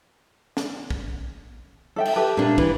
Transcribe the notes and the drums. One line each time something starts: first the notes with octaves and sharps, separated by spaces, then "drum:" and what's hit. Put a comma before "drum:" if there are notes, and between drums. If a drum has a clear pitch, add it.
drum: snare
drum: kick
A4 E5 G5
drum: cymbal
G4 A4 B4
A#2 D4
E3, drum: kick